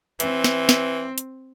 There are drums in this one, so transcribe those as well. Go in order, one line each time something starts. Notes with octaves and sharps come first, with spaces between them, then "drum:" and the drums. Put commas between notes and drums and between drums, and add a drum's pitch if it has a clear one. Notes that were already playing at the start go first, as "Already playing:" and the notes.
E3 C4, drum: hi-hat
drum: snare
drum: snare
drum: hi-hat